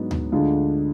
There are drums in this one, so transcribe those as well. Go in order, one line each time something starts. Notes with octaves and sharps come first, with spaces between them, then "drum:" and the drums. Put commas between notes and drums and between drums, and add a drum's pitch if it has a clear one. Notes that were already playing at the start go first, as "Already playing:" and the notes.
Already playing: G#2 F#3 B3 D4
drum: tom D2
D2 D3 G#3 D4 F4